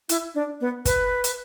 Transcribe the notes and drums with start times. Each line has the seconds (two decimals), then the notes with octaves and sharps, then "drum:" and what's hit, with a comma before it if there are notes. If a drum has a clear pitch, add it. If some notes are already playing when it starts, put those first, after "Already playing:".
0.09 E4, drum: hi-hat
0.35 D4
0.61 B3
0.85 B4, drum: kick, hi-hat
1.24 drum: hi-hat